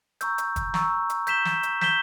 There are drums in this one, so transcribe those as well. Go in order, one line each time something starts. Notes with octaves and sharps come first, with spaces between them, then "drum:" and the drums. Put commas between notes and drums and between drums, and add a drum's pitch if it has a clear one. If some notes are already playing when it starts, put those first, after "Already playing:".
A#5 C#6 E6 G6, drum: hi-hat
drum: hi-hat
drum: kick, hi-hat
A#5 C#6 E6 G6, drum: snare
drum: hi-hat
G6 B6 E7 G7, drum: hi-hat
drum: snare
drum: hi-hat
G6 B6 E7 G7, drum: snare